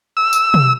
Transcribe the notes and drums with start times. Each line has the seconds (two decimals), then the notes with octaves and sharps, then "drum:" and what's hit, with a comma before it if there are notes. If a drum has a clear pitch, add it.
0.17 E6
0.33 drum: tambourine
0.54 drum: tom